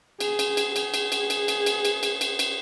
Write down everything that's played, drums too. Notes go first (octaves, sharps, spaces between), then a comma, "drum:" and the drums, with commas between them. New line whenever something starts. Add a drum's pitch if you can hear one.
G#4, drum: cymbal
drum: cymbal
drum: cymbal
G#4, drum: cymbal
drum: cymbal
drum: cymbal
drum: cymbal
drum: cymbal
drum: cymbal
drum: cymbal
drum: cymbal
drum: cymbal
drum: cymbal